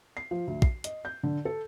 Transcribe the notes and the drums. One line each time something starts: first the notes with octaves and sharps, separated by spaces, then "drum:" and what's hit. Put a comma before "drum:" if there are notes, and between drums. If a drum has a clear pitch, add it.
C7
F3
D2
C7, drum: kick
D#5, drum: hi-hat
G6
D3
A4